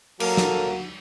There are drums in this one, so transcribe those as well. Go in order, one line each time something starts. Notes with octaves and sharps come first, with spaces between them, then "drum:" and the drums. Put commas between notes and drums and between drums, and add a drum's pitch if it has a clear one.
F#3 A#3 F#4 A4, drum: cymbal
drum: snare